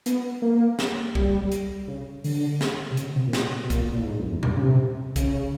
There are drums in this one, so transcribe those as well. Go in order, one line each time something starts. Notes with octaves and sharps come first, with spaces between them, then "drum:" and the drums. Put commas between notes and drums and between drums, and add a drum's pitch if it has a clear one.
B3, drum: hi-hat
A#3
drum: snare
G3, drum: kick
drum: hi-hat
C#3
D3, drum: open hi-hat
drum: snare
C3
C#3, drum: hi-hat
C3
A#2
B2, drum: snare
B2
A#2, drum: kick, hi-hat
A#2
A2
G#2
F#2
E2
G2, drum: tom A#2
C#3
C3
C#3, drum: kick, hi-hat